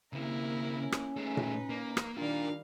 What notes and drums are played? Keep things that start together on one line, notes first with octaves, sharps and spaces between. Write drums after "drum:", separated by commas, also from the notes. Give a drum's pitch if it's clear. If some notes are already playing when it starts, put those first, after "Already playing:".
C#3 A#3 C4 E4 A#4
C#4
drum: rim click
A3 D#4 G#4 B4
drum: tom A#2
A#3
drum: rim click
D#3 G3 D4 F4 A#4 F5